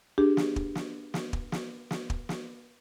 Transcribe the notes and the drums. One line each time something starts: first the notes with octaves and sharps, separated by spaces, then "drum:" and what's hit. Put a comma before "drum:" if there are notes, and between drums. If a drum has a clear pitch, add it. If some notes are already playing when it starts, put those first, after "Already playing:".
D4 G4 G#4
drum: snare
drum: kick
drum: snare
drum: snare
drum: kick
drum: snare
drum: snare
drum: kick
drum: snare